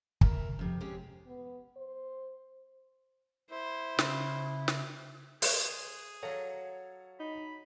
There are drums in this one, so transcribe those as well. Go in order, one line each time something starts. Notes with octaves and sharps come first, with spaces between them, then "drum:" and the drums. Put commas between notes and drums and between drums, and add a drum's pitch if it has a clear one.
A#4 E5, drum: kick
F2 C3
G#3 C4 C#4 G4
B3
C5
E4 C5
C#3, drum: snare
drum: snare
G#4 C5, drum: open hi-hat
F#3 A4 C#5 F5 A#5
D#4 B5